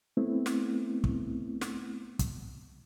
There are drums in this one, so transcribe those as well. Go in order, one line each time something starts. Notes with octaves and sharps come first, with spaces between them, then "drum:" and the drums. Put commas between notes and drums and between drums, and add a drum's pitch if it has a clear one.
A3 B3 C4 E4
drum: snare
drum: kick
drum: snare
drum: kick, hi-hat